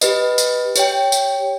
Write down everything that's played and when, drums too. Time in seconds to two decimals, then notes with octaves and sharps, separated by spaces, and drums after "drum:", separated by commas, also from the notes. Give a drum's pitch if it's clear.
0.01 G4 B4 D#5, drum: tambourine
0.38 drum: tambourine
0.75 G4 C#5 G5, drum: tambourine
1.12 drum: tambourine